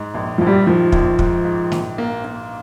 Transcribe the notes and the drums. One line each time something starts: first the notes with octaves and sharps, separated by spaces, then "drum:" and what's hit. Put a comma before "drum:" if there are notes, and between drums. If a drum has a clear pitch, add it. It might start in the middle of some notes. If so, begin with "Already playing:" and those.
Already playing: G#2
A#1
A#1 F3
G3
D#3 F3
A#1, drum: kick
G#2, drum: kick
G#2
A#1, drum: snare
A#3
A#3